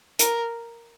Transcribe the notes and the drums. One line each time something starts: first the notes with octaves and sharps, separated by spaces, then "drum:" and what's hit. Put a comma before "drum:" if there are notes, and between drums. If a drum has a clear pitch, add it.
A#4, drum: hi-hat